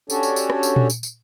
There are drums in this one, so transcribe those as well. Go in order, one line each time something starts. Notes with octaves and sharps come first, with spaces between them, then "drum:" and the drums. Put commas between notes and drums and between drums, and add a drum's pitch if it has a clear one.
C#4 D4 F#4 G4 A4 C#5, drum: tambourine
drum: tambourine
drum: tambourine
drum: rim click
drum: tambourine
drum: tom A#2
drum: tambourine
drum: tambourine